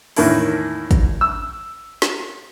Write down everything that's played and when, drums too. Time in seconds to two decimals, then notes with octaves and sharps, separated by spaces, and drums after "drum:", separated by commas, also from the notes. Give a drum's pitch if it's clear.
0.16 E2 A2 D#3 A#3 D4 E4, drum: open hi-hat
0.91 drum: kick, hi-hat
1.21 E6
2.02 drum: snare